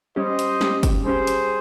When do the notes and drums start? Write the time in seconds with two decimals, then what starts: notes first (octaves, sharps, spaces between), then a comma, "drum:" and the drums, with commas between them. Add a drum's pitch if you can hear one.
0.16 G3 C#4 G4 C5 D#5
0.39 drum: hi-hat
0.61 G3 C#4 G4, drum: snare
0.83 drum: kick, hi-hat
1.05 G3 C#4 G4 G#4 C5
1.27 drum: hi-hat